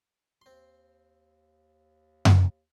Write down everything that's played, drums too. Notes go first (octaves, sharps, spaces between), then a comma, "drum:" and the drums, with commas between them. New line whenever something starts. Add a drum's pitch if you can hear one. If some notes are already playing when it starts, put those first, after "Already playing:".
D#2 C4 C6
drum: tom F#2